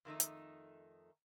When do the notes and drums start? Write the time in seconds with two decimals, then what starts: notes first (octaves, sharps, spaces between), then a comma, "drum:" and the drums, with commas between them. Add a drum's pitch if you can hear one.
0.05 F2 D#3 A3 D#4
0.20 drum: hi-hat